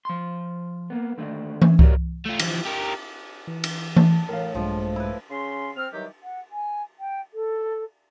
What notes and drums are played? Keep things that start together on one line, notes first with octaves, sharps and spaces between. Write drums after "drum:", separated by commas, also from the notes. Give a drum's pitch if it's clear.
F3 C6
A#3 B3
D3 D#3 A3 D4
C#4 E5, drum: tom E3
E4 F#4 G4 A#4 C#5 D5, drum: kick C2
A3 F4
E3 F3, drum: cymbal
G4 A#4
E3
drum: cymbal
A5, drum: tom E3
A2 A#4 F5
A#1 G2 F3 G#3
E4 B4
C#3 C#4 C6
C4 F6
D#3 E3 F#3 G3 G4
F#5
G#5
G5
A4